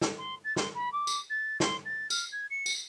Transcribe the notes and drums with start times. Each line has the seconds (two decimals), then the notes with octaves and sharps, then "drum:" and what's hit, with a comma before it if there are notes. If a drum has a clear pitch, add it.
0.01 drum: snare
0.18 C6
0.44 A6
0.56 C6, drum: snare
0.74 B5
0.92 D6
1.07 drum: tambourine
1.29 A6
1.60 C6, drum: snare
1.85 A6
2.10 F6, drum: tambourine
2.32 G#6
2.50 C#7
2.66 drum: tambourine